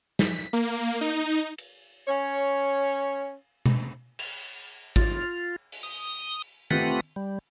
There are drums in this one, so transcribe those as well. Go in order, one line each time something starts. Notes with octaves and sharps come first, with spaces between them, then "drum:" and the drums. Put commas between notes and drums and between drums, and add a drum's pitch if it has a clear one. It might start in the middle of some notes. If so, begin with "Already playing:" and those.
B6, drum: snare
A#3, drum: hi-hat
D#4
drum: cymbal
C#4 C#5
drum: tom B2
drum: cymbal
F4, drum: kick G#1
drum: open hi-hat
D#6
A3 C4 F4 G4 B4 F#5, drum: tom D#3
G3